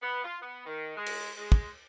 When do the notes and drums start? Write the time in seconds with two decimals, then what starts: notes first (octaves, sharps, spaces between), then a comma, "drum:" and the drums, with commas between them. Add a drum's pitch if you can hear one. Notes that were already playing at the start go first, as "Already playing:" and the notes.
0.01 B3
0.23 F4
0.41 B3
0.66 D#3
0.96 G#3
1.06 drum: cymbal
1.38 G#3
1.52 drum: kick